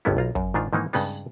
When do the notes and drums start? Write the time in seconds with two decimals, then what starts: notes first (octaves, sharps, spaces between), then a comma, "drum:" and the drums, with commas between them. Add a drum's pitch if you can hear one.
0.05 G1 C#2 G2 B3 C#4 E4
0.17 B1 F4 A#5
0.35 F#2, drum: kick
0.54 G#2 D#3 D4 F4
0.73 G#2 D#3 E3 A#3 D#4
0.93 G2 C#3 G#3 B3 D#4, drum: open hi-hat